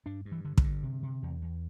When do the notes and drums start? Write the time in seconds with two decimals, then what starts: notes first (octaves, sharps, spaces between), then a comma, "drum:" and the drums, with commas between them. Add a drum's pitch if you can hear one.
0.06 G2 D4
0.25 G2
0.32 E3
0.45 D3
0.58 D3, drum: kick
0.64 G2
0.83 C3
1.03 C3
1.22 E2
1.42 E2